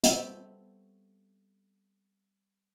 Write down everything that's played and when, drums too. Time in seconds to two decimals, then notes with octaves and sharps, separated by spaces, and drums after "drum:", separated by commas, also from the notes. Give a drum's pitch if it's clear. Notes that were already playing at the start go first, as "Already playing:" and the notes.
0.04 G3 A3 B3 C4 G4 G5, drum: hi-hat